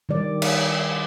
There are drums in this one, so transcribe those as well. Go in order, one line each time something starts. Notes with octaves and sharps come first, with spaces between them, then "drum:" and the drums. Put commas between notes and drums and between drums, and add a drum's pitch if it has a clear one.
D#3 G3 D5
drum: cymbal